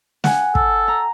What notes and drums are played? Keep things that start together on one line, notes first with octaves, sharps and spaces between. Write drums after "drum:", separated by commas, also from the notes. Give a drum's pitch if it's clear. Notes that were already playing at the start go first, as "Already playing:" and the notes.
F#5 G#5, drum: snare
A4, drum: kick
A#5